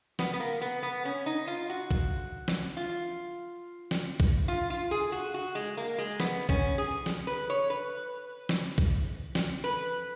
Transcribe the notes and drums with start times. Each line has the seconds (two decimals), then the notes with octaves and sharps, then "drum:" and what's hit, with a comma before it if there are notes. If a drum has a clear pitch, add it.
0.19 B3, drum: snare
0.34 B3
0.40 A#3
0.61 B3
0.83 B3
1.05 C#4
1.26 D#4
1.47 F4
1.70 F#4
1.91 drum: kick A#1
2.48 drum: snare
2.77 F4
3.91 drum: snare
4.20 drum: kick A#1
4.48 F4
4.70 F4
4.91 G#4
5.12 F#4
5.34 F#4
5.55 G#3
5.77 A#3
5.98 G#3
6.20 B3, drum: snare
6.49 C#4, drum: kick A#1
6.78 G#4
7.06 drum: snare
7.27 B4
7.50 C#5
7.70 B4
8.49 drum: snare
8.78 drum: kick A#1
9.35 drum: snare
9.64 B4